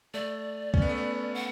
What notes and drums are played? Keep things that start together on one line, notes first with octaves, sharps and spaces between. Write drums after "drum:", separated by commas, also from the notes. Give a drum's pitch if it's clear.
A3 D5
C#4, drum: kick C#2
B3
A3
B3
F#5